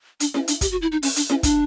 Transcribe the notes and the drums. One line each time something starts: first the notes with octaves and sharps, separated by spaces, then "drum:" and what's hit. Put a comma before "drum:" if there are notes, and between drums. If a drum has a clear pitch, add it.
D4, drum: hi-hat
C#4, drum: snare E4
D4, drum: hi-hat
G4, drum: kick, hi-hat
F#4
E4
D#4
C#4, drum: open hi-hat
D4, drum: hi-hat
C#4, drum: snare E4
D4, drum: kick, hi-hat